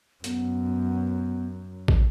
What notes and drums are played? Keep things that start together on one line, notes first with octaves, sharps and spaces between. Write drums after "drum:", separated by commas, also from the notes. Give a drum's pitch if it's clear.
F#2 B3, drum: hi-hat
drum: kick